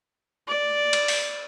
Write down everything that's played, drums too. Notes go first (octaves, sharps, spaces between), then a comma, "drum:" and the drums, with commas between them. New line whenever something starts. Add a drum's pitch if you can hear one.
D5
drum: cymbal
drum: open hi-hat